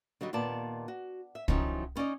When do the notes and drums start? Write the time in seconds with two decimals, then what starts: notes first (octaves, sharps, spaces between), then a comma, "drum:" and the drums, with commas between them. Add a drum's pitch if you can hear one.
0.21 D3 F#3 G3 D#5
0.33 D#2 A#2 B3 D5 A5
0.88 F#4
1.35 E5
1.48 D#3 F3 F#3 C#4 D#4 E4, drum: kick
1.96 B3 C#4 D#4 D5 D#5